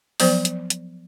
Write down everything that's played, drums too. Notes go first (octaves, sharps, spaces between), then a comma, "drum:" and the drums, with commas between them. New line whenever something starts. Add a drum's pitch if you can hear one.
F3 F#3 B3 C5 D5, drum: open hi-hat
drum: hi-hat
drum: hi-hat